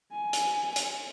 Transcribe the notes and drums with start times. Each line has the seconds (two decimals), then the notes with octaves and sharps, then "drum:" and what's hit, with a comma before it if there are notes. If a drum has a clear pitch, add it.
0.12 G#5
0.33 drum: hi-hat
0.76 drum: hi-hat